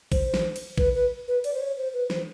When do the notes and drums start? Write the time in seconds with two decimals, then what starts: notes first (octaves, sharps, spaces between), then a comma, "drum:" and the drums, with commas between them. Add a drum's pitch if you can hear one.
0.12 C5, drum: kick A1, cymbal
0.34 drum: snare
0.56 drum: cymbal
0.78 B4, drum: kick A1
0.94 B4
1.28 B4
1.44 D5, drum: cymbal
1.54 C5
1.61 C#5
1.77 C5
1.93 B4
2.10 C5, drum: snare